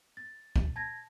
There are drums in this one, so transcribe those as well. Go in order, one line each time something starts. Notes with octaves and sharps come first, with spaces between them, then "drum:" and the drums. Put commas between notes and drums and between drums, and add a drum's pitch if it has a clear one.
A6
drum: kick
A5 G#6 A#6